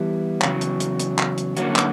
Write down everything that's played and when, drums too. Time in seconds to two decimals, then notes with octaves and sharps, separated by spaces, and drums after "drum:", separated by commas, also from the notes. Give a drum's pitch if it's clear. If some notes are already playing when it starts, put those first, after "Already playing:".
Already playing: E3 G3 B3 E4 G4
0.42 E2 C#3 F#3, drum: clap
0.61 drum: hi-hat
0.80 drum: hi-hat
0.99 drum: hi-hat
1.19 drum: clap
1.38 drum: hi-hat
1.57 D3 F#3 A#3 C#4 F#4, drum: hi-hat
1.76 drum: clap